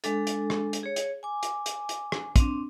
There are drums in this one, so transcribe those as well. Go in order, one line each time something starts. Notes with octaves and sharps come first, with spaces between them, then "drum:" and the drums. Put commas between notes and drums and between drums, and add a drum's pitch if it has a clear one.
G#3 D4 A4, drum: hi-hat
drum: hi-hat
drum: rim click
drum: hi-hat
G#4 C#5
drum: hi-hat
G#5 D6
drum: hi-hat
drum: hi-hat
drum: hi-hat
drum: rim click
C4 D4, drum: kick, hi-hat